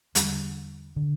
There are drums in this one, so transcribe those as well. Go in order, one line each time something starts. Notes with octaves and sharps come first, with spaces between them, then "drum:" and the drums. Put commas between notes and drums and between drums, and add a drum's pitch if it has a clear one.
E2 D3 G3, drum: hi-hat
D3